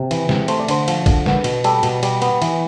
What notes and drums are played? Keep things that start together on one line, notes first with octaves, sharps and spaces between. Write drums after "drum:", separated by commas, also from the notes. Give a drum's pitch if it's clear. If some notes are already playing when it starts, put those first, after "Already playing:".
Already playing: C3
E3, drum: cymbal
C3, drum: snare
A3 C5, drum: cymbal
D5
D3 C5, drum: cymbal
F3, drum: cymbal
D3, drum: kick, cymbal
B3, drum: snare
B2, drum: cymbal
G3 A4, drum: cymbal
B2, drum: cymbal
G3, drum: cymbal
B3, drum: cymbal
E3, drum: cymbal